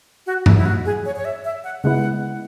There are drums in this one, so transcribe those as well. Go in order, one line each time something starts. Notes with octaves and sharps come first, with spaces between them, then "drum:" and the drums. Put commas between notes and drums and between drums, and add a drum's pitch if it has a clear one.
F#4
E4, drum: tom G2
E4
F#4
G#4
C#5
C#5
E5
E5
F#5
C#3 G#3 B3 E4 F#5